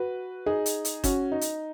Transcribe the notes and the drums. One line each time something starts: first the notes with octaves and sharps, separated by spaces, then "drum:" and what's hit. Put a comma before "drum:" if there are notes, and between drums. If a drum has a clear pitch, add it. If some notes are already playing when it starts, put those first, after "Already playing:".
Already playing: F#4 B4
D#4 G#4
drum: hi-hat
drum: hi-hat
C#4 F#4, drum: kick, hi-hat
D#4
drum: hi-hat